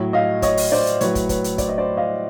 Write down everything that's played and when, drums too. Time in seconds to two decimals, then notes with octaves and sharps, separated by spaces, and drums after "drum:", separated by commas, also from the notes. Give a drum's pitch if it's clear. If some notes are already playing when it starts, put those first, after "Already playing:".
Already playing: A2 F#3
0.13 D#5 F5
0.42 C#5 D#5, drum: kick, hi-hat
0.57 drum: open hi-hat
0.72 C5 D5
0.86 drum: hi-hat
1.01 A2 F#3 B4 C#5, drum: hi-hat
1.15 drum: kick, hi-hat
1.29 B4 C#5, drum: kick, hi-hat
1.44 drum: hi-hat
1.58 C5 D5, drum: kick, hi-hat
1.69 D#5
1.78 C5 D5
1.97 D#5 F5